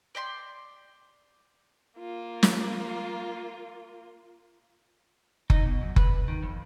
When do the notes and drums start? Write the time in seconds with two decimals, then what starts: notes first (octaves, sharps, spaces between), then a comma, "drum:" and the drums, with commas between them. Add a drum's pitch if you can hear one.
0.15 D5 G5 B5 C6
1.99 A#3 F4
2.43 drum: snare
5.50 D#4, drum: kick F#1
5.65 B2
5.81 F#2
5.96 B4, drum: kick F#1
6.28 D#3
6.43 F2